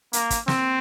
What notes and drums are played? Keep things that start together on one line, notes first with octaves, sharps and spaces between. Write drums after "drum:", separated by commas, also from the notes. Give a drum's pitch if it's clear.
A#3, drum: hi-hat
drum: kick, hi-hat
C4, drum: snare